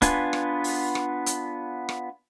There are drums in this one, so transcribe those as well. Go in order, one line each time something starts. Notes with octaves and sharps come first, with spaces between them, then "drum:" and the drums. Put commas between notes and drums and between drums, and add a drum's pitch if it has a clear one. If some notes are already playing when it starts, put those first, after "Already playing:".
B3 D4 F4 B4 G#5, drum: kick, hi-hat
drum: rim click
drum: open hi-hat
drum: rim click
drum: hi-hat
drum: rim click